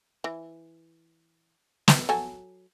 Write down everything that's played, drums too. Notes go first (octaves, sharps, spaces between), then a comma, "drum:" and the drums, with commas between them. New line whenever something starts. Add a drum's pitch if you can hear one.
E3
drum: snare
F#3 A4 G#5